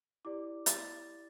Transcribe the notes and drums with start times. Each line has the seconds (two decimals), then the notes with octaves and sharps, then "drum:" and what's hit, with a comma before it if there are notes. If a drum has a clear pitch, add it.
0.25 E4 G4 D5 D6
0.66 A6, drum: hi-hat